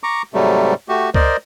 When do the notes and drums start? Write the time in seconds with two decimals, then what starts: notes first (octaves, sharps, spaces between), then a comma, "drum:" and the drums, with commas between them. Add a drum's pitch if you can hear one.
0.03 A#5 C#6 D6
0.34 G#2 C3 F#3 G3 A3
0.89 A3 F#4 G4
1.14 A#4 C5 D5 D#5, drum: kick C#2